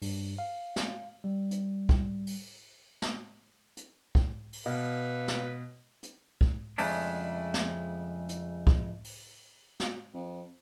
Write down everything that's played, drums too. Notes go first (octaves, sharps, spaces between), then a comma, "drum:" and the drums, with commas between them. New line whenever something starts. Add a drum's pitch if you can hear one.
G2, drum: open hi-hat
F5
drum: snare
G3
drum: hi-hat
drum: kick
drum: open hi-hat
drum: snare
drum: hi-hat
drum: kick
drum: open hi-hat
B2 B4 F5
drum: snare
drum: hi-hat
drum: kick
F2 C#3 F3 G#3 A3 D4, drum: open hi-hat
drum: snare
drum: hi-hat
drum: kick
drum: open hi-hat
drum: snare
F2